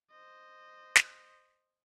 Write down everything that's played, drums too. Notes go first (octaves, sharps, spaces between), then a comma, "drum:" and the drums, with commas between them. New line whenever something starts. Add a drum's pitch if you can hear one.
C5 D#5
drum: snare